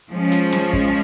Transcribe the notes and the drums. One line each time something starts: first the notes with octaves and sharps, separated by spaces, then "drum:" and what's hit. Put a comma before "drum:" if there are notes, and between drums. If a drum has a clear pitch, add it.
F3 G#3 C#4
drum: hi-hat
drum: snare
drum: kick